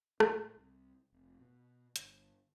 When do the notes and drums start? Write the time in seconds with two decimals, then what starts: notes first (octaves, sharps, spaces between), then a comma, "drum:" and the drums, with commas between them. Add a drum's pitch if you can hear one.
0.20 A2, drum: rim click
0.56 C2
1.12 F1
1.39 B2
1.96 G1, drum: hi-hat